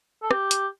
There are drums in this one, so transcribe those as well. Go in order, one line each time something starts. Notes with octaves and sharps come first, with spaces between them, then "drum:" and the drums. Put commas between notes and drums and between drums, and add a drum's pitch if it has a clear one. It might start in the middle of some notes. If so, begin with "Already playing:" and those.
A4
G4, drum: rim click
drum: hi-hat